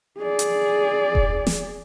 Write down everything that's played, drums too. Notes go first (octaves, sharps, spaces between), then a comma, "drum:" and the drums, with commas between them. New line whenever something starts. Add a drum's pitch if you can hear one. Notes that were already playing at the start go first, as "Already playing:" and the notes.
G#4 D5
drum: hi-hat
drum: kick E1
drum: snare